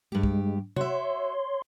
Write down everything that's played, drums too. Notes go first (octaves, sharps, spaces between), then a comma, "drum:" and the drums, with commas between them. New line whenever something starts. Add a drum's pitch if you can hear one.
G2 G#3 G4
drum: kick
F#4 C#5 E5 C6, drum: tom C3